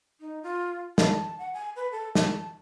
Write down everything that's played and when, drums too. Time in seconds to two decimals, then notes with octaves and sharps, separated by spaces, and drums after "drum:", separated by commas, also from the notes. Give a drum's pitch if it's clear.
0.20 D#4
0.43 F4
0.98 A5, drum: snare
1.39 F#5
1.54 G#5
1.76 B4
1.92 A4
2.15 A5, drum: snare